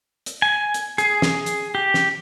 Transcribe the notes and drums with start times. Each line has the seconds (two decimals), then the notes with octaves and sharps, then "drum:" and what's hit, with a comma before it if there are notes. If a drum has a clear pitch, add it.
0.26 drum: hi-hat
0.42 G#5
0.74 drum: hi-hat
0.98 G#4, drum: hi-hat
1.22 drum: snare
1.46 drum: hi-hat
1.75 G4
1.94 drum: snare